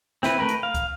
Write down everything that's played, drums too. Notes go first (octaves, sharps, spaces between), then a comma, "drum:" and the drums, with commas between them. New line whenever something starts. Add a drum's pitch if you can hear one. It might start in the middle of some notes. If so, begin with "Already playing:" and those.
C4 E4 B4, drum: snare
A3 A#4 B4
drum: hi-hat
F5
drum: kick, hi-hat